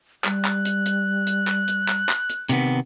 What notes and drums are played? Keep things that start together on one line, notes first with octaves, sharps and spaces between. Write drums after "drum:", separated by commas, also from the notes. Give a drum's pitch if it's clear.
G3 F#6, drum: clap
drum: clap
drum: hi-hat
drum: hi-hat
drum: hi-hat
drum: clap
drum: hi-hat
drum: clap
drum: clap
drum: hi-hat
C3 D#3 B3, drum: hi-hat